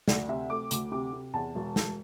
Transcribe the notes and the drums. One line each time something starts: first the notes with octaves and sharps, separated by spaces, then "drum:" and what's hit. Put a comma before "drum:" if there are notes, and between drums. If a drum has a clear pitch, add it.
D2 D5, drum: snare
C3 E5
A3 D6
D2 D6, drum: hi-hat
C3 D6
C3
E2 A5
E1
E1, drum: snare